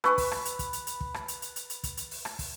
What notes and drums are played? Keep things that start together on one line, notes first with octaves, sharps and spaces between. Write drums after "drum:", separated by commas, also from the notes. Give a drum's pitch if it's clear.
B4 G#5 C#6 E6, drum: rim click
drum: kick, open hi-hat
drum: rim click
drum: hi-hat
drum: kick, hi-hat
drum: hi-hat
drum: hi-hat
drum: kick
drum: rim click
drum: hi-hat
drum: hi-hat
drum: hi-hat
drum: hi-hat
drum: kick, hi-hat
drum: hi-hat
drum: open hi-hat
drum: rim click
drum: kick, open hi-hat